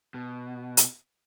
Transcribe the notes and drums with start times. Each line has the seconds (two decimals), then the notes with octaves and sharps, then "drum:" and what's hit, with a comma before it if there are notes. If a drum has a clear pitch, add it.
0.14 B2
0.77 drum: hi-hat